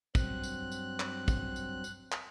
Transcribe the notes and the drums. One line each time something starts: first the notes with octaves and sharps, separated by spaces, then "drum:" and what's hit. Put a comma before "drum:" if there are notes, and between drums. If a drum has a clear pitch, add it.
G2 F#3 C4 F#6, drum: kick, tambourine
drum: tambourine
drum: tambourine
drum: clap
drum: kick, tambourine
drum: tambourine
drum: tambourine
drum: clap